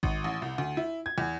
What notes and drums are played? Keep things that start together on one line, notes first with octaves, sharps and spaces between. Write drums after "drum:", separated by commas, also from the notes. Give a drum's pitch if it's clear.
G#1, drum: kick A1
A1
C2
D2
E4
G#6
E2